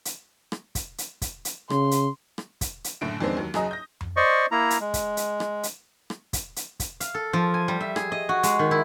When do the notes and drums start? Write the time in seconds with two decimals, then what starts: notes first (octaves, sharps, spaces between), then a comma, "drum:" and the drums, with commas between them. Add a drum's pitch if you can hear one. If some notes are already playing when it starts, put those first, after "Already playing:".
0.05 drum: hi-hat
0.52 drum: rim click
0.75 drum: kick, hi-hat
0.98 drum: hi-hat
1.22 drum: kick, hi-hat
1.45 drum: hi-hat
1.70 C#3 C6, drum: rim click
1.91 drum: hi-hat
2.38 drum: rim click
2.61 drum: kick, hi-hat
2.84 drum: hi-hat
3.01 F#1 A2 D3 D7
3.20 F2 D#3 G#3 B3 C4 D4
3.37 D#2 F#3
3.54 F#1 F#3 G#4 D#5 A#5 D#6, drum: rim click
3.71 G6 A#6
4.01 drum: tom F2
4.17 C5 D5 D#5 C#6
4.51 A#3 E4 A#5
4.70 drum: hi-hat
4.80 G#3
4.94 drum: kick, hi-hat
5.17 drum: hi-hat
5.40 drum: rim click
5.63 drum: hi-hat
6.10 drum: rim click
6.33 drum: kick, hi-hat
6.56 drum: hi-hat
6.80 drum: kick, hi-hat
7.00 F5, drum: hi-hat
7.14 A4
7.33 F3
7.54 G#5
7.68 G3
7.81 E5
7.96 G#4, drum: rim click
8.12 D#5
8.29 F#4
8.43 G#3, drum: hi-hat
8.59 D#3
8.71 E4